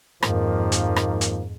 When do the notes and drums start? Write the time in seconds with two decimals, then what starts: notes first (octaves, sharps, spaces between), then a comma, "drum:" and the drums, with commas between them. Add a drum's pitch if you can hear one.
0.23 F2 G#2 D#3 F3 A#3, drum: rim click
0.72 drum: hi-hat
0.96 drum: rim click
1.21 drum: hi-hat